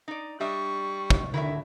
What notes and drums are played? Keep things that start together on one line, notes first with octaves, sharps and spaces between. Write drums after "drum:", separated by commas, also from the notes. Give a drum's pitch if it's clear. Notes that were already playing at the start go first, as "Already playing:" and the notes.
D#4 D5
G3 D4 D#5 E5 C#6
drum: kick
D3 D#3 E4 F#4 E5